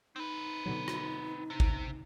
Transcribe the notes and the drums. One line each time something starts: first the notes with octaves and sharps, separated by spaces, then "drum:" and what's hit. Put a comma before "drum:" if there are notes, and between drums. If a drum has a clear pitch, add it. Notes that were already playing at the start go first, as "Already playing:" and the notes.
C4 D#4 B4
B2 D3 F#3
drum: rim click
C3
drum: kick G#1